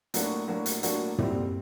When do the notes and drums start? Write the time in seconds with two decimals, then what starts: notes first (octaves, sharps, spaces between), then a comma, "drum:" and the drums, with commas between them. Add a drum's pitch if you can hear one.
0.14 A2 F#3 A#3 D4 F#4, drum: hi-hat
0.48 A2 F#3 A#3 D4 F#4
0.66 drum: hi-hat
0.83 A2 F#3 A#3 D4 F#4, drum: hi-hat
1.18 A#2 G3 C4, drum: tom